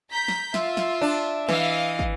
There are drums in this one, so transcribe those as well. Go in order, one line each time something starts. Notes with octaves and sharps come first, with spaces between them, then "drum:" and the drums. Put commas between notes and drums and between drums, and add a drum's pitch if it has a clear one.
A#5 G6 B6
drum: snare
F4 E5, drum: snare
drum: snare
D4
E3 D#5 F5, drum: snare
drum: kick